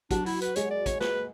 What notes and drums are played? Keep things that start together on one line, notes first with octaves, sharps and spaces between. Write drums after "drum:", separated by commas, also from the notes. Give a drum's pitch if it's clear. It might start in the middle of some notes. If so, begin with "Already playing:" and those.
F#3 D4 F#4, drum: kick, hi-hat
E4, drum: open hi-hat
B4, drum: hi-hat
G#3 G#4 C#5, drum: hi-hat
D5
C#5, drum: kick, hi-hat
B4, drum: snare